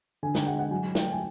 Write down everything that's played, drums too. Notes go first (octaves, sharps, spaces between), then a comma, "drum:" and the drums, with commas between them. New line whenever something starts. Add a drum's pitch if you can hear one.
D3 G#5
G5, drum: snare
G#3 F#5
F#5
F#3 G#5
A3 G5, drum: snare
G#5